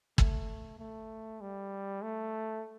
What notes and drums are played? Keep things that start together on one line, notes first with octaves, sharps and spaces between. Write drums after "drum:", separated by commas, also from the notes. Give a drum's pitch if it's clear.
A3, drum: kick
A3
G3
A3